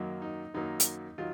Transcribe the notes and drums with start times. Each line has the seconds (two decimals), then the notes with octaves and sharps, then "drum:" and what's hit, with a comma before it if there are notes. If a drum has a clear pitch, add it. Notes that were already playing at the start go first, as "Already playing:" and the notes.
Already playing: F#2 D#3 F#3 A#3
0.22 D#4
0.54 F#2 D#3 F#3 A#3 D#4
0.80 drum: hi-hat
1.18 D#3 F#3 F4